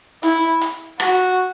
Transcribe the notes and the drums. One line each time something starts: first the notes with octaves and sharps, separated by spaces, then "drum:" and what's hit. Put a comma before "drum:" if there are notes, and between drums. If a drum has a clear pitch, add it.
E4, drum: hi-hat
drum: hi-hat
F#4, drum: rim click